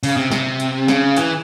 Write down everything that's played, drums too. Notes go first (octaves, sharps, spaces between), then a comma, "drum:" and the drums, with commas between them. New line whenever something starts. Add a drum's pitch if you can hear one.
C#3, drum: open hi-hat
C3
C3, drum: snare
drum: hi-hat
C#3, drum: snare
E3, drum: hi-hat